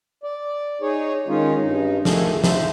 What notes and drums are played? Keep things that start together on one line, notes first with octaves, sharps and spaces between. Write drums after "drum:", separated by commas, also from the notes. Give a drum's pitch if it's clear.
D5
D#4 G#4 C#5
D#3 G#3 C#4 D#4 F4
G2 D#4
D#3 F3 A3 G#4 A4, drum: snare
C5 E5, drum: snare